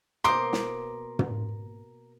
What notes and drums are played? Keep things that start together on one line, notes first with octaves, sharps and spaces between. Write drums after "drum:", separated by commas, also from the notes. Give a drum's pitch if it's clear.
B2 A#3 A#4 C5 C6 D6 D#6
drum: snare
drum: tom